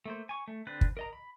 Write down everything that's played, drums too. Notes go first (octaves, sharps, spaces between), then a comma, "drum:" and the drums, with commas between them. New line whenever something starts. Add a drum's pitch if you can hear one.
A3 A#3 C5
G#5 C#6
A3
D3 C4 D4 B4 F#6
drum: kick
A#4 D#5 A#5
B5